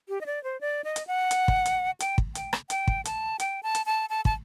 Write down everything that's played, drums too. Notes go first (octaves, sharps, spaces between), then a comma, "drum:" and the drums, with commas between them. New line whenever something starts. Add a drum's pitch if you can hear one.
G4
D#5
D5
C5
D5
D#5
drum: hi-hat
F#5
drum: hi-hat
drum: kick
drum: hi-hat
G5, drum: hi-hat
drum: kick
G5, drum: hi-hat
drum: rim click
G5, drum: hi-hat
drum: kick
A5, drum: hi-hat
G5, drum: hi-hat
A5
drum: hi-hat
A5
A5
A5, drum: kick